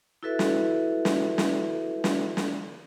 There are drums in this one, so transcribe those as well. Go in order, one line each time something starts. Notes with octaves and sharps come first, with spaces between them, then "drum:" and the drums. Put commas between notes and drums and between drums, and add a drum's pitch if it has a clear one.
E4 F#4 A4 B4 E5
drum: snare
drum: snare
drum: snare
drum: snare
drum: snare